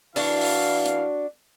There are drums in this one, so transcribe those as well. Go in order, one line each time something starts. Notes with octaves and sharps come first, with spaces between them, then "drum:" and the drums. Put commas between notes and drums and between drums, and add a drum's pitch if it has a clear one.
E3 D4 E4 F#4 F5, drum: open hi-hat
drum: open hi-hat
drum: hi-hat